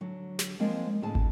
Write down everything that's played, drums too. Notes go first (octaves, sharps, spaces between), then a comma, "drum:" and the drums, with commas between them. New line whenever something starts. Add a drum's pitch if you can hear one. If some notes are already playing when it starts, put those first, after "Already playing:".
D3 F#3
drum: snare
F3 G#3 A#3 C4
A2 D3 G#4 A5
drum: kick